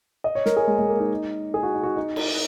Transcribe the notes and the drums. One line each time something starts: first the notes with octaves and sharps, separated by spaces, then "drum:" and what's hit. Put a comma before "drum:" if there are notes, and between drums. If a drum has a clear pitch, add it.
D#5
C#5
A#4, drum: snare
G#4
G#3
G#3
A#3
D#4
G#4
F#4
D#4
F#4
D#4
drum: cymbal